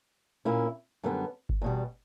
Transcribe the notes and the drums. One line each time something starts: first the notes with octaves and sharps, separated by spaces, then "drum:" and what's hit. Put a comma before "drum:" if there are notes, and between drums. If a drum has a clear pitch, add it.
A#2 A#3 C#4 E4
F#2 D3 G3 B3
drum: kick G1
E2 B2 G3